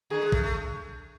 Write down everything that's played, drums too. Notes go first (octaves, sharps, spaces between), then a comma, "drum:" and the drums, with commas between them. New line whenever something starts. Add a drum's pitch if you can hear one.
D3 G#4
G#3
A3, drum: kick
A3